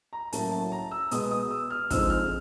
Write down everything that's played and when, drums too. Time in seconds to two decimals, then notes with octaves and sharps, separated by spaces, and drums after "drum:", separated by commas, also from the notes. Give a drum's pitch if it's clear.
0.13 A#5
0.33 A2 F#3 A#3 C#4 A5, drum: hi-hat
0.52 A5
0.72 A#5
0.91 E6
1.11 B2 G#3 B3 D#6, drum: hi-hat
1.31 D#6
1.51 E6
1.70 F6
1.90 D3 F3 G#3 C4 D#4 E6, drum: kick, hi-hat
2.10 F6